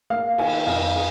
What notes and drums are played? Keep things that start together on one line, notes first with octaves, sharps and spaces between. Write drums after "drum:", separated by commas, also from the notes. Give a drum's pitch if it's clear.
A#3 F5
D#3 G#5, drum: cymbal
F2 F5
G#4